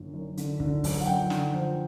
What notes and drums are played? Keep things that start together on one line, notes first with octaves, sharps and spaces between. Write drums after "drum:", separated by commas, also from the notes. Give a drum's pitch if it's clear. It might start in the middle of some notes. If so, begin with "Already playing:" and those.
Already playing: F#1 F#2 D3
F#2
D3, drum: hi-hat
D3, drum: kick
F#2, drum: kick, open hi-hat
F#5
F#2 G5
D3, drum: snare
F3